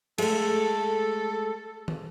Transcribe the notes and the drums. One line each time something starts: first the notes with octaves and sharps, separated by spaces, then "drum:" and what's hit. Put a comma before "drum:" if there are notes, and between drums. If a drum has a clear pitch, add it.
G#3 A3 A4, drum: cymbal
drum: tom